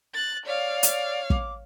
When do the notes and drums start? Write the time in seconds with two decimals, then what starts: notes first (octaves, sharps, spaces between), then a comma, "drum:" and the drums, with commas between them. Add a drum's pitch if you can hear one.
0.14 F#6 A6
0.45 C#5 D5 F5
0.83 drum: hi-hat
1.30 D6, drum: kick